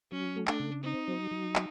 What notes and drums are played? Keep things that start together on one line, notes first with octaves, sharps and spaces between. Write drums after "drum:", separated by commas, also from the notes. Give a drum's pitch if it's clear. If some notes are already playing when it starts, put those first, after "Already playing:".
F#3 C#4
A3
D4, drum: clap
C#3
C4 D#4
F#3
F#3
drum: clap